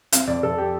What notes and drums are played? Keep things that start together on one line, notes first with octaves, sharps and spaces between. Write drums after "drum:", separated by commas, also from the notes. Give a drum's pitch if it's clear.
C4 F5, drum: hi-hat
F2 D5
F2 A4
G4